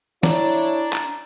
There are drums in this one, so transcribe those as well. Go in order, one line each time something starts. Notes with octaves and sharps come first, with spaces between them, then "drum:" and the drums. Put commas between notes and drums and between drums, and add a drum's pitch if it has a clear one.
D4 E4 C#5 A#5, drum: snare
drum: clap